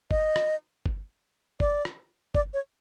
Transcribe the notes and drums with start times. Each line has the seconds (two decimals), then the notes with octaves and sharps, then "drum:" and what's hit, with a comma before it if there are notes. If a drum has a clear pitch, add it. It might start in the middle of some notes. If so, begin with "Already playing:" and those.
0.11 D#5, drum: kick G1
0.36 drum: rim click
0.86 drum: kick G1
1.60 D5, drum: kick G1
1.85 drum: rim click
2.35 D5, drum: kick G1
2.54 C#5